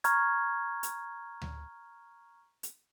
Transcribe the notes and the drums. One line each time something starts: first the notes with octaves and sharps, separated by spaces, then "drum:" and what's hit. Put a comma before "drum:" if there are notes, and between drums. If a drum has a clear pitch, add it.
A#5 C#6 F6 G#6, drum: hi-hat
drum: hi-hat
drum: tom D2
drum: hi-hat